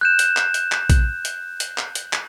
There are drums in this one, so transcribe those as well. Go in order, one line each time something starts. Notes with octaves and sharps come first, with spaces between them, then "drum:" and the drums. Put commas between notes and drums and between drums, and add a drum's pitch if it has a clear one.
F#6 G6 E7
drum: hi-hat
drum: clap
drum: hi-hat
drum: clap
drum: kick A#1, hi-hat
drum: hi-hat
drum: hi-hat
drum: clap
drum: hi-hat
drum: clap